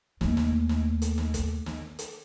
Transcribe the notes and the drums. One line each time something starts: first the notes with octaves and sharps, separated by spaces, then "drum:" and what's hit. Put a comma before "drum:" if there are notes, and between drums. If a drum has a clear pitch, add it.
D#2 A3, drum: snare
drum: snare
drum: snare
drum: hi-hat
drum: snare
drum: kick, hi-hat
drum: snare
drum: hi-hat